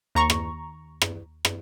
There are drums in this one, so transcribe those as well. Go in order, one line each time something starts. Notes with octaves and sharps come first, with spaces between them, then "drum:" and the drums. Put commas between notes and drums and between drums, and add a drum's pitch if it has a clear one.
D#2 A#5 C#6
drum: rim click
drum: rim click
drum: rim click